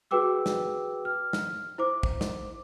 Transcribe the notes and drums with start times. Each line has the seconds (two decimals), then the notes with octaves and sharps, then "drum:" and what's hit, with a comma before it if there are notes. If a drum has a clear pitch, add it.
0.11 F#4 G#4 B4 G5 D6 E6
0.46 drum: snare
1.05 F6
1.33 drum: snare
1.78 E4 C5 D6
2.03 drum: kick
2.21 drum: snare